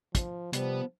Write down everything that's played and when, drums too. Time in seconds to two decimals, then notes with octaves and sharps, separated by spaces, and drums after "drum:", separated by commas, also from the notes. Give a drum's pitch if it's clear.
0.15 F3, drum: kick, hi-hat
0.53 C3 F3 G3 B3, drum: hi-hat